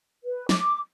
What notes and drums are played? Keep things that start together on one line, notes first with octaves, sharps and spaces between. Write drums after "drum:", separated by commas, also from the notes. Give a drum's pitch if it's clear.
B4
D6, drum: snare